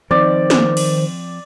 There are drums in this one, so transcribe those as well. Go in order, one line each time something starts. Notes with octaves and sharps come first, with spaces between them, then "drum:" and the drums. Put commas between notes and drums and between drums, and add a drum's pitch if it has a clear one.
D#3 F3 C4 C5 D5
drum: snare
drum: cymbal